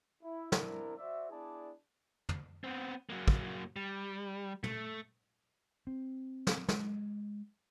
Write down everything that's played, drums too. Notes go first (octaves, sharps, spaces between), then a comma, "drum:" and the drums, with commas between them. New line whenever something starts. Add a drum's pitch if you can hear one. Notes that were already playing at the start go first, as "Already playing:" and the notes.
E4
B3 C4 D4 E4 A#4, drum: snare
F#4 C5 D5 E5
B3 D4 E4 G#4 D5 A5
drum: tom
B3 C4
F#3 A#3
drum: kick
G3
A3, drum: tom
C4
drum: snare
G#3, drum: snare